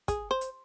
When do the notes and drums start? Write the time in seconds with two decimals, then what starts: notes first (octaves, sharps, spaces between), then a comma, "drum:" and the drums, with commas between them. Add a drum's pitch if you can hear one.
0.08 G#4, drum: kick, hi-hat
0.31 C5
0.41 drum: hi-hat